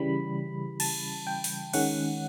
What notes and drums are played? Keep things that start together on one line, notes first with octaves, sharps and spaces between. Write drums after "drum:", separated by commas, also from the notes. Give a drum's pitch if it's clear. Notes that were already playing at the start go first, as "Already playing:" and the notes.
Already playing: C#3 E3 G3 B5
A5, drum: cymbal
G5
drum: open hi-hat
D#3 G#3 C#4 F#5, drum: cymbal